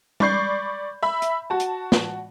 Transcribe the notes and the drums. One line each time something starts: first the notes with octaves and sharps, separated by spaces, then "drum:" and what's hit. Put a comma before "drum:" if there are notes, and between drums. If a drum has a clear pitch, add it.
D5 B5 C#6 G6 C7, drum: tom G3
E5 B5
drum: hi-hat
F#4 A5
drum: hi-hat
drum: snare